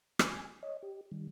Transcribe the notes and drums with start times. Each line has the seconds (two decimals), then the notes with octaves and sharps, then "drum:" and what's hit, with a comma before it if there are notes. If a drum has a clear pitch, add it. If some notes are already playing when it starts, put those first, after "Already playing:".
0.19 G#5, drum: rim click
0.63 C#5 D#5
0.82 G4
1.12 D#3 G3